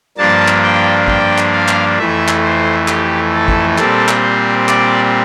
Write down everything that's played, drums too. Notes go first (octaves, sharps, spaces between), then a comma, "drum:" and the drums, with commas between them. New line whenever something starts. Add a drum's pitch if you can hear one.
G2 F3 A#3 D4 A5
drum: clap
G5
G5, drum: kick
drum: clap
F5
drum: clap
F2 E3 A3 E5
drum: clap
C5
G4, drum: clap
A4
drum: kick
A#2 G3 C4 A4, drum: clap
drum: clap
C5
D5, drum: clap